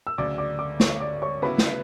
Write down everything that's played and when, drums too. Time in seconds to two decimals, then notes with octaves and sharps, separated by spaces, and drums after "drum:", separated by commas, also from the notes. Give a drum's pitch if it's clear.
0.07 E6
0.18 D2 C#3 F#3 D5 D6
0.38 D5 D6
0.59 D5 D6
0.80 C#5 C#6, drum: snare
1.00 D5 D6
1.22 C#5 C#6
1.42 C#3 F#3 B3 E4 B4 B5
1.58 drum: snare